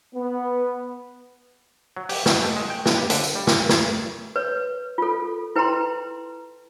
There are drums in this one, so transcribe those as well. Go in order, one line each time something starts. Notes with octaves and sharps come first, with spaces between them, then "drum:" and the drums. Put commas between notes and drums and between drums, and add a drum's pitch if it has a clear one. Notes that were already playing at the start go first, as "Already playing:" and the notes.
B3
F#3
G4, drum: open hi-hat
B2, drum: snare
A3
G#3
G5
D#2, drum: snare
G4
D3, drum: hi-hat
drum: tambourine
G3
drum: snare
drum: snare
B4 C#5
F4 A4
E4 B4 G5 A5 A#5 C6